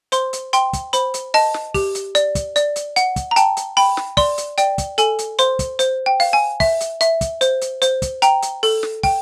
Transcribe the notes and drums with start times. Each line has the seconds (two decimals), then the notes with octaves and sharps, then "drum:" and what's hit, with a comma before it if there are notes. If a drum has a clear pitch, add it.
0.12 C5 C6, drum: hi-hat
0.33 drum: hi-hat
0.53 G5 C6, drum: hi-hat
0.73 drum: kick, hi-hat
0.93 C5 B5, drum: hi-hat
1.14 drum: hi-hat
1.34 D#5 A5, drum: open hi-hat
1.54 drum: snare
1.74 G4, drum: kick, open hi-hat
1.95 drum: hi-hat
2.15 D5, drum: hi-hat
2.35 drum: kick, hi-hat
2.56 D5, drum: hi-hat
2.76 drum: hi-hat
2.96 F#5, drum: hi-hat
3.16 drum: kick, hi-hat
3.31 A#5
3.36 G5 A5, drum: hi-hat
3.57 drum: hi-hat
3.77 G5 B5, drum: open hi-hat
3.97 drum: snare
4.17 D5 C6, drum: kick, open hi-hat
4.38 drum: hi-hat
4.58 D5 G5, drum: hi-hat
4.78 drum: kick, hi-hat
4.98 A4 G#5, drum: hi-hat
5.19 drum: hi-hat
5.39 C5 C6, drum: hi-hat
5.59 drum: kick, hi-hat
5.79 C5, drum: hi-hat
6.06 G5
6.20 F5, drum: open hi-hat
6.33 G#5
6.60 E5, drum: kick, open hi-hat
6.80 drum: hi-hat
7.01 E5, drum: hi-hat
7.21 drum: kick, hi-hat
7.41 C5, drum: hi-hat
7.61 drum: hi-hat
7.82 C5, drum: hi-hat
8.02 drum: kick, hi-hat
8.22 G5 A#5, drum: hi-hat
8.42 drum: hi-hat
8.63 A4, drum: open hi-hat
8.83 drum: snare
9.03 G5, drum: kick, open hi-hat